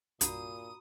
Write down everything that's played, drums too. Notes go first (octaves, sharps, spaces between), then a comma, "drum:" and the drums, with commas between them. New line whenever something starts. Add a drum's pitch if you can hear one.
C2 G2 A#2 D4 F#4 A#5 B5 D#6, drum: hi-hat